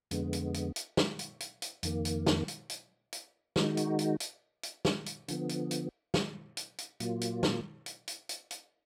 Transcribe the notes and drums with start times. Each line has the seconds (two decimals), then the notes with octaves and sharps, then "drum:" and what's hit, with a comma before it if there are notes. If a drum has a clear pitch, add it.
0.11 F2 D3 G#3 B3, drum: hi-hat
0.33 drum: hi-hat
0.54 drum: hi-hat
0.76 drum: hi-hat
0.97 drum: snare
1.19 drum: hi-hat
1.40 drum: hi-hat
1.62 drum: hi-hat
1.83 F2 D#3 A#3, drum: hi-hat
2.05 drum: hi-hat
2.26 drum: snare
2.48 drum: hi-hat
2.70 drum: hi-hat
3.13 drum: hi-hat
3.56 D#3 G#3 D#4 F#4, drum: snare
3.77 drum: hi-hat
3.99 drum: hi-hat
4.20 drum: hi-hat
4.63 drum: hi-hat
4.85 drum: snare
5.06 drum: hi-hat
5.28 D3 F3 B3, drum: hi-hat
5.49 drum: hi-hat
5.71 drum: hi-hat
6.14 drum: snare
6.57 drum: hi-hat
6.78 drum: hi-hat
7.00 A#2 F#3 A#3 F4, drum: hi-hat
7.21 drum: hi-hat
7.43 drum: snare
7.86 drum: hi-hat
8.08 drum: hi-hat
8.29 drum: hi-hat
8.51 drum: hi-hat